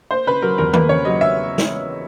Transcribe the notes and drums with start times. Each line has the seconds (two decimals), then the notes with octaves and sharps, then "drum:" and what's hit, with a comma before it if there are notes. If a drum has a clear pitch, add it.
0.11 A#3 C5
0.27 C#3 B4
0.42 F#3 A#4
0.58 E2 A#4
0.73 A#3 B4, drum: tom D#3
0.89 C#3 C#5
1.05 F#3 D#5
1.21 E5
1.58 drum: snare